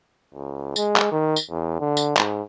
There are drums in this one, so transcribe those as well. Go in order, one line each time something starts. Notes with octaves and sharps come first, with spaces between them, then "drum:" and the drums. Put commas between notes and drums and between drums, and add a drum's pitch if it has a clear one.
C#2
G#3, drum: tambourine
drum: clap
D#3
drum: tambourine
E2
D3
drum: tambourine
G#2, drum: clap